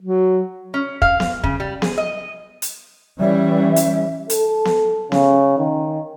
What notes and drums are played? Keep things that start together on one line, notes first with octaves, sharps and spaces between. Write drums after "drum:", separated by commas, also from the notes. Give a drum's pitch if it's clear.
F#3
C#4
F5, drum: kick
drum: snare B3
C#3, drum: kick
G3
G#4, drum: snare B3
D#5
drum: hi-hat
E3 G3 C#4 E5
drum: hi-hat
A4, drum: hi-hat
drum: snare B3
C#3, drum: snare B3
D#3